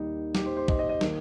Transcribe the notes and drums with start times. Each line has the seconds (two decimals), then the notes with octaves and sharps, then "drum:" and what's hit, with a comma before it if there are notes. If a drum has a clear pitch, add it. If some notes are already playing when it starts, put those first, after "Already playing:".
Already playing: D#2 D#3 G3 A#3 D#4
0.35 G4, drum: snare
0.46 C5
0.57 C5
0.68 D#5, drum: kick
0.79 D#5
0.89 D#5
1.01 D#3 A#3, drum: snare